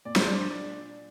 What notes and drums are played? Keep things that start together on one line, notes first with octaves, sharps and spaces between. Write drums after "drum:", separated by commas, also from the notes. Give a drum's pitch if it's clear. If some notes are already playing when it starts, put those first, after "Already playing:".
A#2 D5
C5, drum: snare
D4 D5